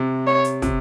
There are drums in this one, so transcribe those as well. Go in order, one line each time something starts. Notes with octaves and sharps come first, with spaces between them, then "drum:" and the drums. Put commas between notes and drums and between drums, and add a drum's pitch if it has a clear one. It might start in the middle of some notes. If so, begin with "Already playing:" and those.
Already playing: C3
C#5
drum: hi-hat
C3, drum: kick, hi-hat